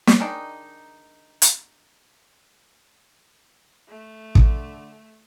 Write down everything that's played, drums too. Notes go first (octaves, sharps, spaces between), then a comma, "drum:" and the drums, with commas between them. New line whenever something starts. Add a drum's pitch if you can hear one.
drum: snare
D#3 G#3 D4 D#4
drum: hi-hat
A3
D3, drum: kick